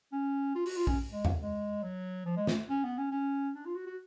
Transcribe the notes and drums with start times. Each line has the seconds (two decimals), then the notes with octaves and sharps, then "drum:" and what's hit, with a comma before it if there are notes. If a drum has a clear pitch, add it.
0.12 C#4
0.55 F4
0.66 F#4, drum: open hi-hat
0.76 F4
0.87 C#4, drum: kick A#1
1.12 G#3
1.25 drum: tom E2
1.41 G#3
1.83 F#3
2.26 F3
2.37 G#3
2.47 A3, drum: snare
2.70 C#4
2.84 B3
2.98 C#4
3.11 C#4
3.55 D4
3.66 F4
3.75 F#4
3.87 F#4